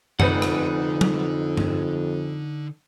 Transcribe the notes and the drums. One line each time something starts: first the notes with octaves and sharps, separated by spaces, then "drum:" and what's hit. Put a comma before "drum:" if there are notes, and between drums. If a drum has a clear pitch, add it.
F1 F2 D3 D4 D#4 B4 F#5, drum: tom F#2
drum: rim click
drum: tom
drum: tom G2